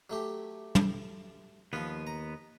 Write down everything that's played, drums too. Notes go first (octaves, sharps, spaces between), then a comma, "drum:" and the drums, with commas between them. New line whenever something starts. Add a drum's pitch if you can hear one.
F#3 A3 G4
drum: tom
D#2 F3 B3 F4
A#5